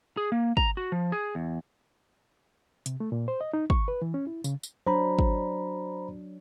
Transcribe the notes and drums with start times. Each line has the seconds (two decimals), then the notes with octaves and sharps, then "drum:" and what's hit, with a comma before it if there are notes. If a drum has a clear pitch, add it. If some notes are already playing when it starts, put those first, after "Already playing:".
0.17 G#4
0.32 A#3
0.57 A#5, drum: kick
0.77 F#4
0.92 F3
1.12 G#4
1.35 E2
2.86 C3, drum: hi-hat
3.00 A3
3.12 A#2
3.28 C5
3.41 D#5
3.54 D#4
3.70 C#6, drum: kick
3.88 B4
4.02 E3
4.14 C#4
4.27 E4
4.44 C#3, drum: tambourine
4.63 drum: tambourine
4.87 F#3 D4 C5 A#5 B5
5.19 drum: kick